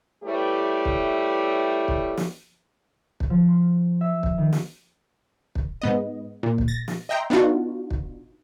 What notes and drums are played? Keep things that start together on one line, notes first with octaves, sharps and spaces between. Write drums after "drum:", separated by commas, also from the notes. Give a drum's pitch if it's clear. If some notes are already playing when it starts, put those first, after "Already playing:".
G3 A3 E4 G4 B4 C#5
drum: kick
drum: kick
drum: snare
drum: kick
F3
C6
E5
drum: kick
D#3
drum: snare
drum: kick
G#2 B3 D#5
A#2
drum: kick
A6 A#6
drum: snare
D#5 E5 G5 A#5 C6
B3 D4 D#4 F4 F#4
drum: kick